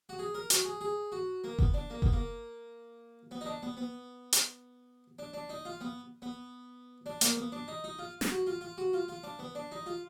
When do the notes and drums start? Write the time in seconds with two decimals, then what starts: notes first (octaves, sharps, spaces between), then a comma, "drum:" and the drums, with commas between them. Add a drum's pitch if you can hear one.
0.09 F#4
0.19 G#4
0.35 A#4
0.50 F#4, drum: hi-hat
0.65 G#4
0.81 G#4
1.12 F#4
1.44 A#3
1.59 B3, drum: kick F#1
1.74 D4
1.90 A#3
2.02 B3, drum: kick F#1
2.13 A#3
3.31 B3
3.41 D#4
3.46 D4
3.62 B3
3.77 B3
4.33 drum: hi-hat
5.19 D4
5.33 D4
5.50 D#4
5.65 F4
5.81 B3
6.22 B3
7.06 D4
7.21 A#3, drum: hi-hat
7.37 B3
7.52 D4
7.68 D#4
7.84 D#4
7.99 F4
8.21 drum: snare
8.31 F#4
8.47 F4
8.61 F4
8.78 F#4
8.93 F4
9.08 F4
9.23 D4
9.39 B3
9.55 D4
9.72 D#4
9.86 F4